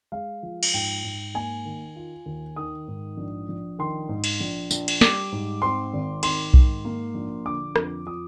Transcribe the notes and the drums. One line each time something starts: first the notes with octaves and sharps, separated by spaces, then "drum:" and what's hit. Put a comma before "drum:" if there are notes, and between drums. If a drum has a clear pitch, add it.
G#3 F5
F3
drum: cymbal
G#2 G5
G#2
A#3 G#5
D#3
F4
D#2
D#3 D#6
G#2
A#1
A#1
D#3 C6
G#2
drum: cymbal
A#1
A#1, drum: tambourine
drum: cymbal
G3 D6, drum: snare
G#2
C4 C6
G#1
D#3 C6, drum: cymbal
G#2, drum: kick B1
A#3
A#1
D3 D6
F2, drum: rim click
F3 D#6